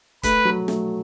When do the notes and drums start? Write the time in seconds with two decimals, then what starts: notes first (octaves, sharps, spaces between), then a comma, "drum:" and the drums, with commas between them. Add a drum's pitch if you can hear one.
0.23 A3 B4, drum: kick, hi-hat
0.45 F#3
0.68 A3, drum: snare